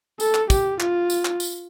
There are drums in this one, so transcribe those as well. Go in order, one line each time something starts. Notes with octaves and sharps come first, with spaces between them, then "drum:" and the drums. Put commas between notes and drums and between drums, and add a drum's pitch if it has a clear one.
A4, drum: tambourine
drum: clap
G4, drum: kick, tambourine
F4, drum: clap
drum: tambourine
drum: clap
drum: tambourine